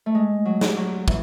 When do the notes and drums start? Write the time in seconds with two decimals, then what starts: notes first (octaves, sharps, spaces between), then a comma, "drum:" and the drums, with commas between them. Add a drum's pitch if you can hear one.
0.06 A3
0.15 G#3
0.45 F#3
0.61 drum: snare
0.77 F#3
1.08 E3, drum: kick